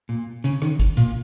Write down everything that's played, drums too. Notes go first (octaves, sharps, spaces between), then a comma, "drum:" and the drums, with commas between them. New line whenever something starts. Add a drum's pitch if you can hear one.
A#2
C#3, drum: hi-hat
D#3, drum: rim click
drum: kick, hi-hat
A#2, drum: hi-hat